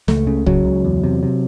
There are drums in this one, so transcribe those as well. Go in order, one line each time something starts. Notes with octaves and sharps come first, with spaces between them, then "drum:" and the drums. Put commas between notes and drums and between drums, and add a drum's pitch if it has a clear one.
C#2 A3, drum: snare
C#3
C#3 F#3, drum: kick
C#2
E2
C3
C3